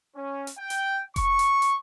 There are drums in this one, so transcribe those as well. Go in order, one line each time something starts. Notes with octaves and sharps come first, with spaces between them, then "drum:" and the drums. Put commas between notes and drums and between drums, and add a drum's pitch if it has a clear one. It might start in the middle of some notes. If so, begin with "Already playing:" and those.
C#4
drum: hi-hat
G5
drum: hi-hat
C#6, drum: kick F1, hi-hat
drum: hi-hat
drum: hi-hat